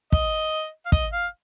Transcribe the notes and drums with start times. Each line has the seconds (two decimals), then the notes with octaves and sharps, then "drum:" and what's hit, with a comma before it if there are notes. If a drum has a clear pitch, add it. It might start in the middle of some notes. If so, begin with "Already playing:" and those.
0.12 D#5, drum: kick
0.86 F5
0.92 D#5, drum: kick
1.13 F5